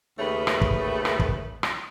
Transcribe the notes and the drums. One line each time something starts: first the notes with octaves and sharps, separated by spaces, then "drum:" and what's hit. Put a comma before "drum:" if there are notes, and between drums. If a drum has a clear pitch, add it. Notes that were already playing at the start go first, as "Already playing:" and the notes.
D#2 C#3 A3 B4
drum: rim click
drum: kick
drum: rim click
drum: kick
drum: rim click